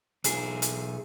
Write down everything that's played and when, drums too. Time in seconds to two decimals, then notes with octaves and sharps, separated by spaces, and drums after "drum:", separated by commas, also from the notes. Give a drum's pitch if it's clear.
0.24 B1 G#4, drum: hi-hat
0.62 drum: hi-hat